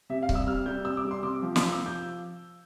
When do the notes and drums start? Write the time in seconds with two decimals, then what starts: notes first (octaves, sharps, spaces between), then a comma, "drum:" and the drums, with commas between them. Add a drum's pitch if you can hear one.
0.10 C3 E5
0.23 F5
0.29 G3, drum: kick C#1
0.35 E6
0.47 C3 F6
0.66 G3 G6
0.85 C3 E6
0.97 D6
1.05 G3
1.11 C6
1.23 C3 D6
1.43 F3
1.56 D6, drum: snare
1.60 C3 E6
1.73 D6
1.81 F3
1.86 G6